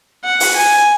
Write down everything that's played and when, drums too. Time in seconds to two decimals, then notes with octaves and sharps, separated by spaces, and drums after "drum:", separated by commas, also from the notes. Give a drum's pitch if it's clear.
0.25 F#5
0.40 drum: open hi-hat
0.57 G#5